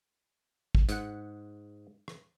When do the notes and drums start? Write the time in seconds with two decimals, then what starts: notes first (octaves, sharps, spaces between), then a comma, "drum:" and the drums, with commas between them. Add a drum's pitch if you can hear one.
0.75 drum: kick
0.89 G#2 F#5, drum: hi-hat
2.08 drum: rim click